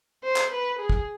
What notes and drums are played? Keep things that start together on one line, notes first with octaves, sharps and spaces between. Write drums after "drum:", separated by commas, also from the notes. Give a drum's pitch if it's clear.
C5
drum: clap
B4
G#4
drum: kick